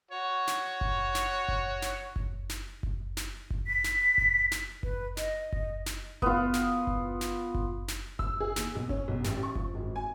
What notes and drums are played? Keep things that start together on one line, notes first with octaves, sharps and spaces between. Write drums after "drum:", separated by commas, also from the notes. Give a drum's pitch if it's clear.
F#4 C#5
drum: snare
drum: kick F#1
drum: snare
drum: kick F#1
drum: snare
drum: kick F#1
drum: snare
drum: kick F#1
drum: snare
drum: kick F#1
B6
drum: snare
drum: kick F#1
drum: snare
B4, drum: kick F#1
D#5, drum: snare
drum: kick F#1
drum: snare
B3 F4, drum: kick F#1
drum: snare
drum: kick F#1
drum: snare
drum: kick F#1
drum: snare
E6, drum: kick F#1
G#4
D#2, drum: snare
B1
C#4, drum: kick F#1
B1
A1, drum: snare
C#6
F3, drum: kick F#1
G#1
G#5